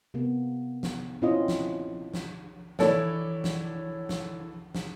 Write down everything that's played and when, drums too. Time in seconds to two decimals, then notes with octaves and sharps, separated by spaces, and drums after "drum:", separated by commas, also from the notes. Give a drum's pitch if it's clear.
0.14 C3 A#3 B3
0.83 drum: snare
1.22 A#2 C4 C#4 E4 F4 D#5
1.48 drum: snare
2.14 drum: snare
2.79 E3 E4 A4 C#5 D5, drum: snare
3.44 drum: snare
4.09 drum: snare
4.75 drum: snare